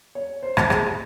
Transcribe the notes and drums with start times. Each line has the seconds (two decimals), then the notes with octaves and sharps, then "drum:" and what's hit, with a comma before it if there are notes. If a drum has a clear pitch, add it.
0.15 C#5
0.43 C5
0.57 drum: rim click
0.70 G#4, drum: rim click